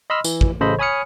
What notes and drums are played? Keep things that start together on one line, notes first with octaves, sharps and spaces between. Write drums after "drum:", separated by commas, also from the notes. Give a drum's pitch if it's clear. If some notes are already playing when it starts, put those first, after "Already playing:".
D#5 B5 C6 E6 F6
E3, drum: tambourine
drum: kick
A1 C#3 A4 C5 D#5 B5
C#5 G#5 B5 D#6 F6 C#7